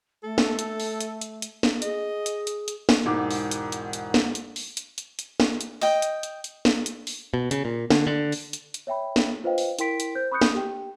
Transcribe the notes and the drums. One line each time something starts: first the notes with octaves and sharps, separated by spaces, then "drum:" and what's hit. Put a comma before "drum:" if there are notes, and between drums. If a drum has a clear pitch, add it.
A3 A4
drum: snare
drum: hi-hat
drum: open hi-hat
drum: hi-hat
drum: hi-hat
drum: hi-hat
drum: snare
G#4 D#5, drum: hi-hat
drum: hi-hat
drum: hi-hat
drum: hi-hat
drum: snare
E1 G#2 D6
drum: open hi-hat
drum: hi-hat
drum: hi-hat
drum: hi-hat
drum: snare
drum: hi-hat
drum: open hi-hat
drum: hi-hat
drum: hi-hat
drum: hi-hat
drum: snare
drum: hi-hat
D#5 G5, drum: open hi-hat
drum: hi-hat
drum: hi-hat
drum: hi-hat
drum: snare
drum: hi-hat
drum: open hi-hat
B2
C#3, drum: hi-hat
A#2
D3, drum: snare
D3
drum: open hi-hat
drum: hi-hat
drum: hi-hat
C#5 E5 G5 B5
drum: snare
F4 B4 C5 D#5 F5 G5
drum: open hi-hat
E4 A#4 G5 C6 B6 D7, drum: hi-hat
drum: hi-hat
C5 G6
B5 C#6 D#6 F#6 G6 C#7
drum: snare
G4 G5